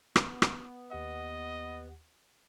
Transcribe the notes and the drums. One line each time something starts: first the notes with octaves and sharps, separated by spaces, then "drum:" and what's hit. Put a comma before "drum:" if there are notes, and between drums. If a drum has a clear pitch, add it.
B3, drum: rim click
drum: rim click
D#2 G4 D#5 F#5